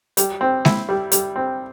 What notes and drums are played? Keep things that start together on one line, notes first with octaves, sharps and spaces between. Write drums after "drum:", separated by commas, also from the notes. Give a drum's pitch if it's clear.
G3, drum: hi-hat
C4
E4, drum: snare G#3
G3
G3, drum: hi-hat
C4